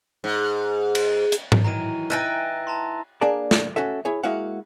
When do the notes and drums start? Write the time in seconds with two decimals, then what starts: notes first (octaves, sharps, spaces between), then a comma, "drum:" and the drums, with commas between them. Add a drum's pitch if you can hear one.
0.24 G#2
0.95 drum: cymbal
1.32 drum: hi-hat
1.52 drum: tom G#2
1.64 D#3 E3 F#3 A#5 D#7
2.10 D#4 E4 B4 G5 G#5 E6 A6 A#6
2.67 A5 A#5 C6
3.21 A#3 D4 G#4 A#4 D5 A5
3.51 drum: snare
3.76 C#4 F#4 A4 E5
4.05 E4 G#4 C#5
4.23 G#3 A#3 E4 F#4 F5 F#5